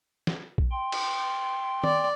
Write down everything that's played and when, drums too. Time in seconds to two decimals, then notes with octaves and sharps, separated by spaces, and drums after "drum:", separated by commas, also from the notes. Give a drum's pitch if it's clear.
0.27 drum: snare
0.58 drum: kick A#1
0.71 G5 C6
0.92 drum: cymbal
1.84 D5, drum: tom D#3